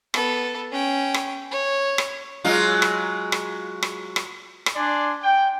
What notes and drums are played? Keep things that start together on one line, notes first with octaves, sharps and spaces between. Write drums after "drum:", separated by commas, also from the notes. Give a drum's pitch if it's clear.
B3 A4, drum: rim click
C#4 G5
drum: rim click
C#5
drum: rim click
F#3 G#3 F4
drum: rim click
drum: rim click
drum: rim click
drum: rim click
drum: rim click
D4 D5 G#5 C6
G5